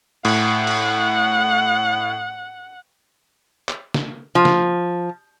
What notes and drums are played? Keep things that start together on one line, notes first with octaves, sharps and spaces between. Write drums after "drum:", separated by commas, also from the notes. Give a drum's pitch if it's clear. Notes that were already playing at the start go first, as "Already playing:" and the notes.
A2 F#5, drum: cymbal
drum: cymbal
drum: clap
drum: snare
F3
drum: snare